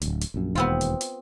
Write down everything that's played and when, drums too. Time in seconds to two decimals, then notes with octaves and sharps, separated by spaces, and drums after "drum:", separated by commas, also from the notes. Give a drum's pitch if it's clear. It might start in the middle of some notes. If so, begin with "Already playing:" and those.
0.01 D1 D2, drum: hi-hat
0.21 drum: hi-hat
0.34 A#1 F#2
0.55 E1 D#2 B3 C4 F4
0.81 drum: hi-hat
1.01 drum: hi-hat